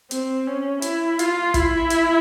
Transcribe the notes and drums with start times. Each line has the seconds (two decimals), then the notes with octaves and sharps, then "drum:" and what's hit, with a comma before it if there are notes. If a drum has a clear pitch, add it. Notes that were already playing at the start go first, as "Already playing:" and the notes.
0.11 C4, drum: hi-hat
0.47 C#4
0.82 E4, drum: hi-hat
1.19 F4, drum: hi-hat
1.54 E4, drum: kick, hi-hat
1.90 drum: hi-hat